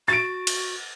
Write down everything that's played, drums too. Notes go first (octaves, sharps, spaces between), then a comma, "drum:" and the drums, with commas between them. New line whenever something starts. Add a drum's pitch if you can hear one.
F#4 A6 D7
drum: cymbal